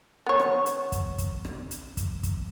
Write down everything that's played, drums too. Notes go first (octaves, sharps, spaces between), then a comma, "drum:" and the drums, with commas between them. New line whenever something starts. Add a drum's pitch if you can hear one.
B3 C#5
drum: rim click
drum: hi-hat
drum: kick, hi-hat
drum: kick, hi-hat
drum: rim click
drum: hi-hat
drum: kick, hi-hat
drum: kick, hi-hat